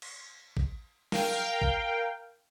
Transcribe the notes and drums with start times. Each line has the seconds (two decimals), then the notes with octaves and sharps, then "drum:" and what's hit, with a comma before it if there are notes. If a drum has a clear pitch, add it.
0.02 drum: cymbal
0.57 drum: kick A1
1.12 A#4 F5 G5, drum: snare
1.62 drum: kick A1